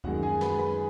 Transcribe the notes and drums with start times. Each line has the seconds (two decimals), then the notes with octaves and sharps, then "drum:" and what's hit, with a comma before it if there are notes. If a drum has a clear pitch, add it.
0.04 F#2 D#3 G#3 F#4 F#5, drum: kick D2
0.23 G#4 G#5
0.41 B4 B5, drum: snare
0.59 B4 B5